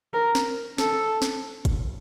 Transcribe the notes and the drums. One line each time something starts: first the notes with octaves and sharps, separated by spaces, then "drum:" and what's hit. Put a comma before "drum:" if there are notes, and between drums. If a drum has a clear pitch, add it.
A#4
drum: snare
A4, drum: snare
drum: snare
drum: kick, hi-hat